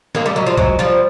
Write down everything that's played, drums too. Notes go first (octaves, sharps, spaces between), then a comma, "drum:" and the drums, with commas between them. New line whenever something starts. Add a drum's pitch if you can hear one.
G#3 A#3, drum: snare
G3 A3
F#3 G#3
F3 G3
F#3 G#3, drum: kick C2
F3 G3